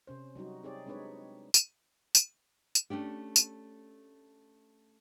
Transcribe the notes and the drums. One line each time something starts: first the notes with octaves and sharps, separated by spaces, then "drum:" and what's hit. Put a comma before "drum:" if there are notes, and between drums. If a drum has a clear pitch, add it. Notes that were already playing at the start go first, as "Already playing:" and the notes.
C3 C#4 C5
F#3 G3 D#4 F#4
C4 D#4 G4 G#4 C#5 D5
G#3 C4 D4 D#4 B4 C#5
drum: tambourine
drum: tambourine
drum: tambourine
A3 C#4 D4 G4
drum: tambourine